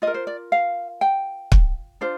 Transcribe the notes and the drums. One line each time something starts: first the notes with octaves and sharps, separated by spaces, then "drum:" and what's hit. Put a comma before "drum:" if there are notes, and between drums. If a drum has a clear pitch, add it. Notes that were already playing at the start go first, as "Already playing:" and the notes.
F4 D#5
A#4
C5
D5
F5
G5
drum: kick
D4 F4 C5